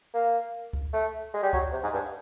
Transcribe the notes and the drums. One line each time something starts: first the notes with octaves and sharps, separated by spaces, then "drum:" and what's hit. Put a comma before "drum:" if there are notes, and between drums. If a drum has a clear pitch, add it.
A#3
drum: kick C#2
A3
G#3
G3
F#3, drum: kick C#2
C3
G#2
G2